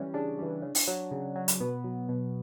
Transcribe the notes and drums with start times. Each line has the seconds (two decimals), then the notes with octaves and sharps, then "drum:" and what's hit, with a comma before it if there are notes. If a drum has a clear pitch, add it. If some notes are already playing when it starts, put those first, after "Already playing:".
Already playing: E3 G3 C#4
0.14 C#3 D4
0.39 E3 G3
0.62 C#3
0.75 drum: open hi-hat
0.88 F#3
1.11 C#3
1.35 F#3
1.48 drum: hi-hat
1.60 B2 B3
1.84 F#3
2.09 B2